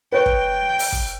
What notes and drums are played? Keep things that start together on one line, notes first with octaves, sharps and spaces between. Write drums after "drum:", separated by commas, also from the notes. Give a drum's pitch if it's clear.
B4 C#5 G5
drum: kick
drum: open hi-hat
drum: kick